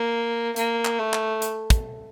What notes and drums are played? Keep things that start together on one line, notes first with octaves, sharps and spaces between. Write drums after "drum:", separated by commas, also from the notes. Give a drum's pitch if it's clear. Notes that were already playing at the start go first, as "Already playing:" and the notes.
Already playing: A#3
A#3, drum: hi-hat
drum: clap
A3
drum: clap
drum: hi-hat
drum: kick, hi-hat